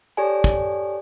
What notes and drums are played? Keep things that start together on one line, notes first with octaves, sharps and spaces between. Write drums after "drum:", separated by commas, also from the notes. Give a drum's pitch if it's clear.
G4 A4 C#5 D5 G#5
drum: kick, hi-hat